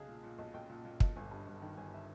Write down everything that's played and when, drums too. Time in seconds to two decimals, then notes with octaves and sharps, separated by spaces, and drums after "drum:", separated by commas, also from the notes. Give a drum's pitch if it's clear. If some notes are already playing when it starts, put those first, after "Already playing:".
Already playing: B1 C#3 G#4
0.08 A#2
0.23 A#2
0.39 B1
0.54 B1 G5
0.70 A#2
0.85 A#2
1.00 B1, drum: kick
1.16 G1 G#5
1.31 G2
1.47 G1
1.62 D#3
1.77 G1 G#5
1.93 E5